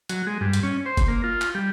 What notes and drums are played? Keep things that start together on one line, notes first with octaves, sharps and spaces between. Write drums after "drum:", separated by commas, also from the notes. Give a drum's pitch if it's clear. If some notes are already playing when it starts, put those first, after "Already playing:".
F#3, drum: hi-hat
G#3
G2
drum: hi-hat
C#4
C5
drum: kick F#1, hi-hat
A#3
F4
drum: clap
G3